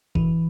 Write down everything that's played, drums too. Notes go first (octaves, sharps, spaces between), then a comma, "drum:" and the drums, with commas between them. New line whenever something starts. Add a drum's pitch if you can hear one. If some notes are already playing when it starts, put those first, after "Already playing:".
E3, drum: kick F1